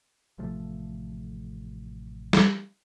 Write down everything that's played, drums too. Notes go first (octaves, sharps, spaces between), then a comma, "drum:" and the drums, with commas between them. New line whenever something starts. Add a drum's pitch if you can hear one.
A1 C3 F3 A3
drum: snare